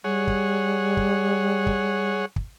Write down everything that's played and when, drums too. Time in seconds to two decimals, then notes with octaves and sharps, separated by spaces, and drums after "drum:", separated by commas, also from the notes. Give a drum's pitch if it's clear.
0.04 G3 G#4 C#5 F#5
0.27 drum: kick
0.97 drum: kick
1.67 drum: kick
2.36 drum: kick